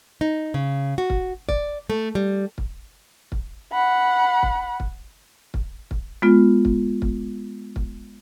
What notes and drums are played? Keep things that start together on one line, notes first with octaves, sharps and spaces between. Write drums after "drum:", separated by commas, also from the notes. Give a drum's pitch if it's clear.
D#4
C#3
F#4
drum: kick
D5, drum: kick
A3
G3
drum: kick
drum: kick
F#5 B5
drum: kick
drum: kick
drum: kick
drum: kick
G#3 B3 F4
drum: kick
drum: kick
drum: kick